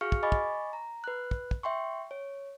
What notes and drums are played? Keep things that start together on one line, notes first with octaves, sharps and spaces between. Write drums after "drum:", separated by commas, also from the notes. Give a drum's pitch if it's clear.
F#4 G#4 F5 C#6 F6 C#7
drum: kick
D#5 G#5 B5 C#6 D6 A6
drum: kick
A#5
B4 F#6
drum: kick
drum: kick
E5 G5 C6 C#6
C#5